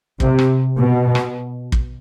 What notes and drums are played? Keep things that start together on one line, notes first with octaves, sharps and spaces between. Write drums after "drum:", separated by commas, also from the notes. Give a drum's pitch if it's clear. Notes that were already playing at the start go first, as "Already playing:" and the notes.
C3, drum: kick
drum: rim click
B2
drum: rim click
drum: kick